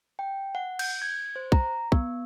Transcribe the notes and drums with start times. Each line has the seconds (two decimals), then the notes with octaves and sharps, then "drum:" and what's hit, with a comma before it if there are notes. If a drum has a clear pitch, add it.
0.19 G5
0.55 F#5
0.79 G6, drum: cymbal
1.02 G#6
1.36 C5
1.52 A#5, drum: kick
1.92 B3, drum: kick